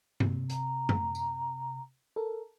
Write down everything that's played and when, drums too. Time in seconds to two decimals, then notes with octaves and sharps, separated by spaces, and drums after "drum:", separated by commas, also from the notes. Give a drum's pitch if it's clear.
0.20 C3, drum: tom G2
0.50 A#5, drum: hi-hat
0.89 drum: tom F#2
1.15 drum: tambourine
2.16 A4 A#4